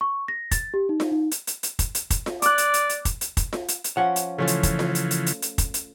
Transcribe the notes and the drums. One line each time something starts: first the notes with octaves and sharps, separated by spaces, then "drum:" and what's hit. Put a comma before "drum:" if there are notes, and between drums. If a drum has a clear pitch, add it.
C#6
A#6
A6, drum: kick, hi-hat
G4
D#4
drum: snare F4
D#4
drum: hi-hat
drum: hi-hat
drum: hi-hat
drum: kick, hi-hat
drum: hi-hat
drum: kick, hi-hat
drum: snare F4
D5 D6 F#6, drum: hi-hat
drum: hi-hat
drum: hi-hat
drum: hi-hat
drum: kick, hi-hat
drum: hi-hat
drum: kick, hi-hat
drum: snare F4
drum: hi-hat
drum: hi-hat
F3 C#4 F#5
drum: hi-hat
C#3 E3 F3 A3 C#4 F4
drum: hi-hat
drum: kick, hi-hat
drum: snare F4
drum: hi-hat
drum: hi-hat
drum: hi-hat
drum: hi-hat
drum: kick, hi-hat
drum: hi-hat